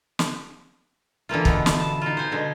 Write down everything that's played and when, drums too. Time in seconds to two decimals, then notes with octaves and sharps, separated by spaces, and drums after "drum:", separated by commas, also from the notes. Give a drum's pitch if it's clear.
0.19 drum: snare
1.29 D3 E3 A#3 F4
1.45 B2 B3, drum: kick
1.66 drum: snare
1.80 A5
2.02 D#4 F4
2.17 C5 G#5
2.32 B2 D3 G#3